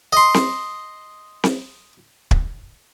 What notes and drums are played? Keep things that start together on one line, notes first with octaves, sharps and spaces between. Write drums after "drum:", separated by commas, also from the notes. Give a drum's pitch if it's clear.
D#5 C6
drum: snare C4
drum: snare C4
drum: kick